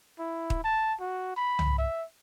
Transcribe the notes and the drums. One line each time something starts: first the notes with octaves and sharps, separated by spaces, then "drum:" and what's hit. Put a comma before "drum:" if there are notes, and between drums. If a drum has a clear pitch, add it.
E4
drum: kick
A5
F#4
B5
drum: tom
E5